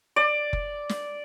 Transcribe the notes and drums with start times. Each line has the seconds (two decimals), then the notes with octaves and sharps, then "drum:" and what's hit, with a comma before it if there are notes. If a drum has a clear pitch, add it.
0.16 D5
0.53 drum: kick F#1
0.89 drum: snare